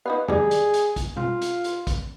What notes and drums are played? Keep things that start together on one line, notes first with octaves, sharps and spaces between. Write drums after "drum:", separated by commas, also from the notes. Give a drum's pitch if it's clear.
B3 D#4 C#5 F5
G3 D#4 G#4, drum: tom
drum: hi-hat
drum: hi-hat
drum: kick, hi-hat
F4, drum: tom B2
drum: hi-hat
drum: hi-hat
drum: kick, hi-hat